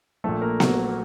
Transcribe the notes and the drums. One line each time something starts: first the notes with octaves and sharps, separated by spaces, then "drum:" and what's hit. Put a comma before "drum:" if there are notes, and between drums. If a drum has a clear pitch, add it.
A#1 A#2 A3 A4
A#3 A#4
F#3 F#4, drum: snare B3